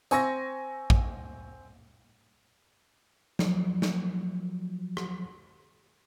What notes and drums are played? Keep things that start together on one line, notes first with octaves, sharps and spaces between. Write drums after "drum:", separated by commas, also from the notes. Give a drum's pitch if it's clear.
C4 G#5 C#6 E6 A#6, drum: hi-hat
drum: kick
F3 F#3, drum: snare
drum: snare
drum: rim click